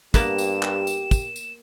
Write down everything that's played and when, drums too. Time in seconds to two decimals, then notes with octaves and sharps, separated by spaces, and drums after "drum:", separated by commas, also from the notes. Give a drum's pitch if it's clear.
0.14 G2 A#3 B3 G4 E7, drum: kick, tambourine
0.38 drum: tambourine
0.63 drum: clap
0.87 drum: tambourine
1.11 drum: kick, tambourine
1.36 drum: tambourine